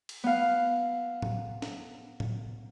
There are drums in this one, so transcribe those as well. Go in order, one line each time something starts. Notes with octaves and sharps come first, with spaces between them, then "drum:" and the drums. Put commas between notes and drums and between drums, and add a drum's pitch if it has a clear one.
drum: cymbal
B3 F5
drum: tom A2
drum: snare
drum: tom A2